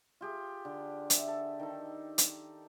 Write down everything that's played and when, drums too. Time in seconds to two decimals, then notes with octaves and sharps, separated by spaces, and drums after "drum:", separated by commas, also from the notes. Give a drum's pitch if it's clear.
0.21 F4 G4 G#4
0.65 D3
1.10 E5, drum: hi-hat
1.28 A4
1.60 D#3 A4
2.18 drum: hi-hat